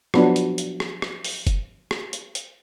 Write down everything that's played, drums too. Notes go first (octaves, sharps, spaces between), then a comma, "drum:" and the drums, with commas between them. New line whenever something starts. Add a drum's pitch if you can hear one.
F3 F#3 B3 D4, drum: rim click
drum: hi-hat
drum: hi-hat
drum: rim click
drum: rim click
drum: open hi-hat
drum: kick F#1, hi-hat
drum: rim click
drum: hi-hat
drum: hi-hat